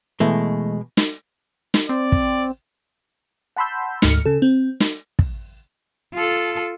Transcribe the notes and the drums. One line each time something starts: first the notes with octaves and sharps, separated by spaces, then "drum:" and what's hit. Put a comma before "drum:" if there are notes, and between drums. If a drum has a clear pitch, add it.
B2 E3 G#3 A3
drum: snare
drum: snare
C4 D5
drum: kick
F#5 A5 B5 C6 E6 G6
D2 G#2 F6 C#7, drum: snare
C#3 A4
C4
drum: snare
drum: kick
F4 A4